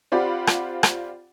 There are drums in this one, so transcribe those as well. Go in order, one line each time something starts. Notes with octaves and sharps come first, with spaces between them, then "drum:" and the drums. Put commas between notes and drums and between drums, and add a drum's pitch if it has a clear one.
C4 F4 G4 D5 F#5 B5
drum: rim click
drum: rim click